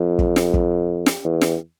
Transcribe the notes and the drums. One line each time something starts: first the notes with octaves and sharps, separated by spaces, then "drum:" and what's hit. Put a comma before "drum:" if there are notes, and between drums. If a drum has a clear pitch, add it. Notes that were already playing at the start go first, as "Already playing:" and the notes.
Already playing: F2
drum: kick
drum: snare
drum: kick
drum: snare
E2
drum: snare